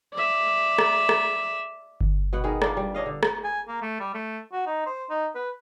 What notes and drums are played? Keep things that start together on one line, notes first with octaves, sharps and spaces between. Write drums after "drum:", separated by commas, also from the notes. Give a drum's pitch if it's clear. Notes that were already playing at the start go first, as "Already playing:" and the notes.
D5 E5
drum: rim click
drum: rim click
drum: kick G1
B2 B3 F#5
D#3 B3 G#4 A#4
D4 F4, drum: rim click
G3
D4 C#5 D#5 F5
D3
drum: rim click
G#5
A#3
A3
G3
A3
F#4
D#4
C5
D#4
B4